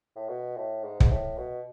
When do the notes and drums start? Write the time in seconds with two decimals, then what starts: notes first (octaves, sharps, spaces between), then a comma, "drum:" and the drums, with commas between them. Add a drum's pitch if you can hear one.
0.16 A2
0.29 B2
0.57 A2
0.84 G#2
1.00 G#2, drum: kick
1.11 A2
1.38 B2